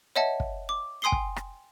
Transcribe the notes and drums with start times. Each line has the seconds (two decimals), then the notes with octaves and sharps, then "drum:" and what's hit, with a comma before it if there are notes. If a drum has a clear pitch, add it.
0.16 C#5 D#5 E5 F#5 A5
0.40 drum: kick
0.69 D6
1.02 G5 G#5 C6 D#6 C7 G7
1.12 drum: kick
1.36 drum: rim click